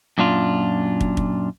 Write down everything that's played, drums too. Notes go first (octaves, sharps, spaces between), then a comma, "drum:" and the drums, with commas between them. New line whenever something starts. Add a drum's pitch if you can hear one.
F#2 A#2 D4 F4
drum: kick
drum: kick